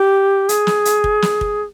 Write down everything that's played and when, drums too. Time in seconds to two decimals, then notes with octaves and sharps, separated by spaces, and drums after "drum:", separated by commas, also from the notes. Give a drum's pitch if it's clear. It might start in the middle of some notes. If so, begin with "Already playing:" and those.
Already playing: G4
0.49 G#4, drum: hi-hat
0.67 drum: snare
0.85 drum: hi-hat
1.04 drum: kick
1.22 drum: snare
1.41 drum: kick